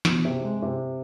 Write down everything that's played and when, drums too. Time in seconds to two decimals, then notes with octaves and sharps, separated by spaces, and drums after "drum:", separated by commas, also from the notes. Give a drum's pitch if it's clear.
0.05 B2, drum: snare
0.25 C3
0.44 G#3
0.62 C3